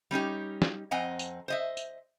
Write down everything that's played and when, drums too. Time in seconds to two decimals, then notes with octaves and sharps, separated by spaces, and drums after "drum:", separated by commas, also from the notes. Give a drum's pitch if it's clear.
0.11 G3 C#4 D#4 G4
0.62 drum: snare
0.91 F2 C4 D#5 F#5 G#5 A#5
1.19 drum: tambourine
1.48 C5 D#5 E5
1.77 drum: tambourine